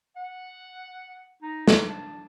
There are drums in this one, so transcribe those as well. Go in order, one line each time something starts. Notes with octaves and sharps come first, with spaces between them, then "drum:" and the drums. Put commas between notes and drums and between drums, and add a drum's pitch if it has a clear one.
F#5
D#4
drum: snare
D4